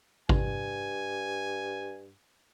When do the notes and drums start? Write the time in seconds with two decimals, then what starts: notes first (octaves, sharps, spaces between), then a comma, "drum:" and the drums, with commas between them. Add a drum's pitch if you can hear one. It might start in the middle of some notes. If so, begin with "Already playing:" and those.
0.29 G2 G#5, drum: kick G#1